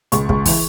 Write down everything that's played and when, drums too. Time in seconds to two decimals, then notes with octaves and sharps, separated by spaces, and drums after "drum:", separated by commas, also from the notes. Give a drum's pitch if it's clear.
0.12 C#2 C#6, drum: hi-hat
0.29 C#2, drum: kick
0.46 E3, drum: kick, open hi-hat